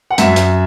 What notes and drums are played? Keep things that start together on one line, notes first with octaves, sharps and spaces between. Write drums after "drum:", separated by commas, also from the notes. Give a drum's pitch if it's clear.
F#5
F#2 E5, drum: hi-hat
drum: hi-hat